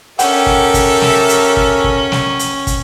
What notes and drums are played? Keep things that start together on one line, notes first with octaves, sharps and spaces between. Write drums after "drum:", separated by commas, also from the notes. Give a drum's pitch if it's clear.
C#4 G4 A4 A#4 E5 F#5 G5, drum: hi-hat
drum: kick
drum: kick, hi-hat
drum: snare
drum: hi-hat
drum: kick
drum: kick
drum: snare
drum: hi-hat
drum: kick, hi-hat